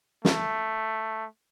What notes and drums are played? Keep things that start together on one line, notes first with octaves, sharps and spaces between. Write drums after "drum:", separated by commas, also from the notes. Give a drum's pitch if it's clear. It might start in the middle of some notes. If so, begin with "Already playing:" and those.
A3, drum: snare